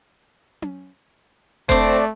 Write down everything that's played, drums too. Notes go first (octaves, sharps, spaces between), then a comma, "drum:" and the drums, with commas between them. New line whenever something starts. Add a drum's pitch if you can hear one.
drum: tom C#4
A3 C4 D4 D5, drum: kick F1